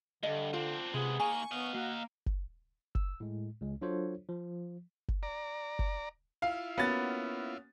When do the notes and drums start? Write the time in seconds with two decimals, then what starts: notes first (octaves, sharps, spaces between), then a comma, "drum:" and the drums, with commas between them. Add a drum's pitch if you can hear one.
0.23 G2 D3 D#5
0.53 C4 D4 F4
0.94 C3 G#3 B3 G#4
1.20 D#2 A#3 G#5 C#6
1.51 B3 D#5 F5
1.74 A#3 F#4
2.26 drum: kick F#1
2.95 E6, drum: kick F#1
3.20 A2 G#3
3.61 C#2 G#3
3.81 F#3 D4 F4 A4 C5 C#5
4.29 F3
5.08 drum: kick F#1
5.23 D5 A#5
5.79 drum: kick F#1
6.42 E4 F4 F5
6.78 A#3 B3 C#4 F#4 A6